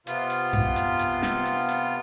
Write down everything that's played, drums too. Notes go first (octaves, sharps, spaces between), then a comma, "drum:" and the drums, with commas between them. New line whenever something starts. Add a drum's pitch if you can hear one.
C3 B3 F4, drum: hi-hat
drum: hi-hat
drum: tom F#2
drum: hi-hat
drum: hi-hat
drum: snare
drum: hi-hat
drum: hi-hat